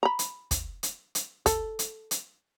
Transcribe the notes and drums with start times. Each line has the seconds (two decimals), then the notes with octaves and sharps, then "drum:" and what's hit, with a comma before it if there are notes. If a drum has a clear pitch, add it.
0.03 A#5 B5
0.19 drum: hi-hat
0.51 drum: kick, hi-hat
0.83 drum: hi-hat
1.15 drum: hi-hat
1.46 A4, drum: kick, hi-hat
1.79 drum: hi-hat
2.11 drum: hi-hat